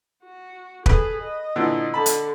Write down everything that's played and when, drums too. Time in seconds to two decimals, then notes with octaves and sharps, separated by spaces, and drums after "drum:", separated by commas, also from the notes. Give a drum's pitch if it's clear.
0.23 F#4
0.86 G#4 A4 B4, drum: kick
1.21 D#5
1.56 A#2 D3 E3
1.94 D3 A5 B5
2.06 drum: hi-hat